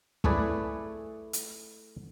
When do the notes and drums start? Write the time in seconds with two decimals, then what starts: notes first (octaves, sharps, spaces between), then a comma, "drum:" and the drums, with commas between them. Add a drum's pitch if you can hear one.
0.24 A3 E4 G#4 B4 D5, drum: kick
1.33 drum: hi-hat